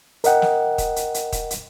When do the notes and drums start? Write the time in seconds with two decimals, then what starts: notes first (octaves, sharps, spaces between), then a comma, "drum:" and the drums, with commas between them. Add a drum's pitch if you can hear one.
0.24 A#4 D#5 F#5 G5, drum: hi-hat
0.42 drum: snare
0.78 drum: kick D#1, hi-hat
0.96 drum: hi-hat
1.14 drum: hi-hat
1.32 drum: kick D#1, hi-hat
1.51 drum: hi-hat